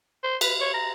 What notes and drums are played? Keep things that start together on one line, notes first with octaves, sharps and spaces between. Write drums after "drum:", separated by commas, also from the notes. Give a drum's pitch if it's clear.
C5
B4, drum: cymbal
C#5
A#5